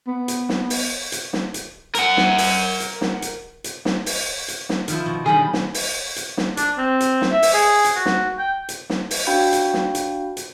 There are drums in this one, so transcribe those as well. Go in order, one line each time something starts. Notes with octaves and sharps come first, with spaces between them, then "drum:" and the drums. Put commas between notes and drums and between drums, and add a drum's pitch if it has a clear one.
B3
drum: hi-hat
drum: snare
drum: open hi-hat
drum: hi-hat
drum: snare
drum: hi-hat
A#4 F#5, drum: hi-hat
drum: snare
drum: open hi-hat
drum: hi-hat
drum: snare
drum: hi-hat
drum: hi-hat
drum: snare
drum: open hi-hat
drum: hi-hat
drum: snare
D#3 F3 E4, drum: hi-hat
B2
D3 D#3 G3 G#4 B5
drum: snare
drum: open hi-hat
drum: hi-hat
drum: snare
D4, drum: hi-hat
C4
drum: hi-hat
drum: snare
E5
drum: open hi-hat
G#4
drum: hi-hat
F#4
drum: snare
G5
drum: hi-hat
drum: snare
drum: open hi-hat
D4 F#4 F5 G5 B5 G6
drum: hi-hat
drum: snare
drum: hi-hat
drum: hi-hat